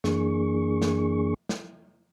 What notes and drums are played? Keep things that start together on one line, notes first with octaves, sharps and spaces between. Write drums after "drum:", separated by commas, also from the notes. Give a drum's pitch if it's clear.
F#2 E3 A#3 D4 G#4 C#6, drum: snare
drum: snare
drum: snare